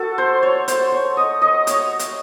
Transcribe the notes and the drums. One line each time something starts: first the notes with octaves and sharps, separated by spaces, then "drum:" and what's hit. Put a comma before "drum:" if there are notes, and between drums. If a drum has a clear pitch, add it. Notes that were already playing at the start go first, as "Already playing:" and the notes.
Already playing: F#4 A4
C5
C#5
C5, drum: hi-hat
C#5
D#5
D#5
C#5, drum: hi-hat
drum: hi-hat